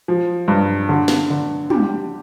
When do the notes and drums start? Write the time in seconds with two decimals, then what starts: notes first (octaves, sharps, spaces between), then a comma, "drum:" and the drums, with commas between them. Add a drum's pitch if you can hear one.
0.08 F3
0.48 G2
0.89 D3
1.08 drum: snare
1.30 D3
1.70 G4, drum: tom